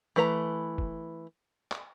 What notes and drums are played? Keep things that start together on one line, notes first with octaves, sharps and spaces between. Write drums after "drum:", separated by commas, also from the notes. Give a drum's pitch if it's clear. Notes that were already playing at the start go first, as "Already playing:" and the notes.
E3 A3 B4 A#5
drum: kick
drum: clap